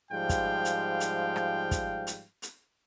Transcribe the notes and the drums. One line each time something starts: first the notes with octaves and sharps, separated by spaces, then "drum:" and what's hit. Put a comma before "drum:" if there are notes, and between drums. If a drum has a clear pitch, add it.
G#2 F3 G3 F5 G5
drum: kick, hi-hat
drum: hi-hat
drum: hi-hat
drum: rim click
drum: kick, hi-hat
drum: hi-hat
drum: hi-hat